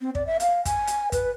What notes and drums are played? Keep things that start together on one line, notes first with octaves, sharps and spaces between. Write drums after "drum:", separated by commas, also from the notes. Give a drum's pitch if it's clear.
C4
D5, drum: kick
E5
F5, drum: hi-hat
G#5, drum: kick, hi-hat
drum: hi-hat
B4, drum: kick, hi-hat